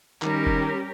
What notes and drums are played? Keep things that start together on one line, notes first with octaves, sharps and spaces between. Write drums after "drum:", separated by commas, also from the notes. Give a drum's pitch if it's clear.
D#3 G3 C#4 G4 A#4, drum: clap
drum: kick F1